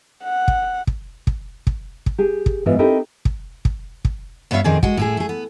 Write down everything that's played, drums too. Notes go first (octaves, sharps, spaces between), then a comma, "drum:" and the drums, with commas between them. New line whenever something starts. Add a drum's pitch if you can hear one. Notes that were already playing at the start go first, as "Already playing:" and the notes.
F#5
drum: kick
drum: kick
drum: kick
drum: kick
drum: kick
G4 G#4
drum: kick
G#2 E3 B3 F4
C4 D#4 E4 G4 A4 A#4
drum: kick
drum: kick
drum: kick
G2 B3 B4 C#5 E5 F5
F2 A#2 D#3 C4 G#4 D5
G#3 F#4, drum: kick
A2 E4 G#4
A3 G#4
B3